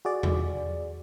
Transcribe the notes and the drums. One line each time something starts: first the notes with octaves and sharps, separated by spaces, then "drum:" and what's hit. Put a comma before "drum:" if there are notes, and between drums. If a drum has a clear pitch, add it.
F#4 G#4 D5
drum: tom E2